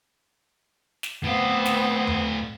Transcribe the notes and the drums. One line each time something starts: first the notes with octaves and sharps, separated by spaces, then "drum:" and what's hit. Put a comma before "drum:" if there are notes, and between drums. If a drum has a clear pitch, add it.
drum: snare
A2 B3 C4 F5
drum: snare
drum: tom D#2